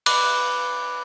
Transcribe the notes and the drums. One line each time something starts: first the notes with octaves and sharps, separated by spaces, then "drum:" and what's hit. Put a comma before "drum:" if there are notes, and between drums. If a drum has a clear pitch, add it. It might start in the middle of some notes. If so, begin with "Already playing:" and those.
B5 D6 F#6, drum: cymbal